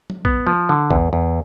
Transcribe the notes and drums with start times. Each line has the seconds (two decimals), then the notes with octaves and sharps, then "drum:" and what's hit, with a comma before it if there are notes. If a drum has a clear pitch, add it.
0.10 drum: tom
0.25 B3, drum: kick A#1
0.47 F3
0.69 D3
0.91 E2, drum: kick A#1
1.13 E2